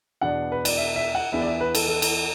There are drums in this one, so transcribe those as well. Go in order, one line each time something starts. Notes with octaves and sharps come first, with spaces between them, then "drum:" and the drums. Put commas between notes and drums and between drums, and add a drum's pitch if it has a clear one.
E2 B2 B3 D4 F#5
B4
D5, drum: cymbal
E5
E5
F#5
E2 E3 B3 D4 E5
D5
E5
B4
A4, drum: cymbal
A4
drum: cymbal